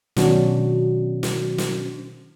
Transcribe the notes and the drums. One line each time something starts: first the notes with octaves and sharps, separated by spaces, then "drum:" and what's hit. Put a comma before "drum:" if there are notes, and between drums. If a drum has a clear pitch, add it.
B2 D#3 F#3 C#4 D4 F#4, drum: snare
drum: snare
drum: snare